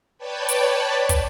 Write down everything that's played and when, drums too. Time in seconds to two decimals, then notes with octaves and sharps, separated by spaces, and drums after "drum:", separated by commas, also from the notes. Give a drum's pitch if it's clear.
0.18 B4 C#5 D5 G5 A5 B5
0.49 drum: hi-hat
1.09 drum: kick, hi-hat